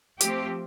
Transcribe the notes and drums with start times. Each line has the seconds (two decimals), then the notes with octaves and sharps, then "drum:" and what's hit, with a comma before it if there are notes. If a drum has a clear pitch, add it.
0.21 F3 A3 C4 G4, drum: hi-hat